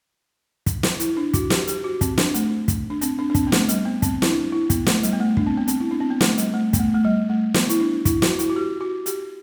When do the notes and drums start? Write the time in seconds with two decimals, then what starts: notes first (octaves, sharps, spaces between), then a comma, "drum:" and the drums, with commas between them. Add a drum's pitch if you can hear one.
0.66 drum: kick, hi-hat
0.83 drum: snare
1.00 E4, drum: hi-hat
1.17 D4
1.34 F#4, drum: kick, hi-hat
1.50 G4, drum: snare
1.67 G4, drum: hi-hat
1.84 F#4
2.01 C4, drum: kick, hi-hat
2.18 D4, drum: snare
2.34 A3, drum: hi-hat
2.68 drum: kick, hi-hat
2.90 D4
3.01 C4, drum: hi-hat
3.19 D4
3.30 D4
3.35 C4, drum: kick, hi-hat
3.47 B3
3.52 A3, drum: snare
3.69 G3, drum: hi-hat
3.85 B3
4.02 C4, drum: kick, hi-hat
4.22 E4, drum: snare
4.28 D4
4.52 E4
4.70 B3, drum: kick, hi-hat
4.86 A3, drum: snare
5.03 G3, drum: hi-hat
5.13 B3
5.20 A3
5.37 D4, drum: kick
5.47 C4
5.58 B3
5.68 C4, drum: hi-hat
5.80 E4
5.91 D4
6.00 C4
6.10 B3
6.21 A3, drum: snare
6.38 G3, drum: hi-hat
6.54 A3
6.73 B3, drum: kick, hi-hat
6.79 A3
6.94 A3
7.05 G3
7.30 A3
7.54 B3, drum: snare
7.69 E4, drum: hi-hat
7.80 D4
8.05 E4, drum: kick, hi-hat
8.22 F#4, drum: snare
8.39 E4, drum: hi-hat
8.50 F#4
8.56 G4
8.81 F#4
9.06 G4, drum: hi-hat